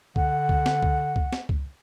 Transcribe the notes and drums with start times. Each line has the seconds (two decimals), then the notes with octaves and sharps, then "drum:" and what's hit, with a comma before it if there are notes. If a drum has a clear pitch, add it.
0.16 D3 F#5, drum: kick C#2
0.49 drum: kick C#2
0.66 drum: snare
0.83 drum: kick C#2
1.16 drum: kick C#2
1.32 drum: snare
1.49 drum: kick C#2